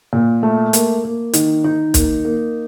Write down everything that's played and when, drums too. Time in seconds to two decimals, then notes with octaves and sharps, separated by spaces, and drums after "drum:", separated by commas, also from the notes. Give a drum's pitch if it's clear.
0.13 A#2
0.43 A3
0.73 A#3, drum: hi-hat
1.04 A#3
1.33 D#3, drum: hi-hat
1.64 D#3 D#4
1.94 A#3, drum: kick, hi-hat
2.25 A#3